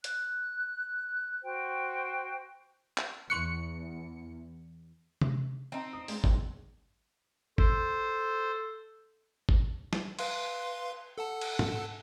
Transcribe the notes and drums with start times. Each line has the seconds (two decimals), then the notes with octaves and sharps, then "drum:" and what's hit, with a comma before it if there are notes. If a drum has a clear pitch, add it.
0.04 F#6, drum: hi-hat
1.42 F#4 C5 G5
2.98 drum: clap
3.30 E2 C6 C#6 F#6 C#7
5.21 drum: tom C3
5.72 C4 D#4
5.93 D#6
6.08 G#3, drum: open hi-hat
6.24 F#1 B1 E2, drum: kick G#1
7.58 A4 C5, drum: kick G#1
9.49 drum: kick G#1
9.93 drum: snare
10.19 B4 F5 C6, drum: cymbal
11.18 A4 F#5 A5
11.41 drum: cymbal
11.59 drum: tom